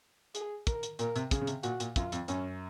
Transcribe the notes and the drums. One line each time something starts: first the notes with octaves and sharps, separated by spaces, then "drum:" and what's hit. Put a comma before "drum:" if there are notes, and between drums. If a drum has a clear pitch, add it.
G#4, drum: hi-hat
A#4, drum: kick, hi-hat
drum: hi-hat
A#2 A#4, drum: hi-hat
C3, drum: hi-hat
C#3 G#4, drum: kick, hi-hat
C#3
C3, drum: hi-hat
A#2 F#4, drum: hi-hat
A#2, drum: hi-hat
F#2 F4, drum: kick, hi-hat
F2, drum: hi-hat
F#2 C#4, drum: hi-hat